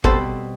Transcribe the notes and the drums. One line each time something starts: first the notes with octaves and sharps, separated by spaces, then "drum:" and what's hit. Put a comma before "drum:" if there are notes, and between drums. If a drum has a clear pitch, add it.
B2 G3 C4 A4 C5, drum: kick